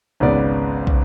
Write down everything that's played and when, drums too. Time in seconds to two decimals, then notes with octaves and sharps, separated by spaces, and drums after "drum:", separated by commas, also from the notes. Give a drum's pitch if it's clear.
0.20 G#1 C#2 C#3 B3 D5
0.87 drum: kick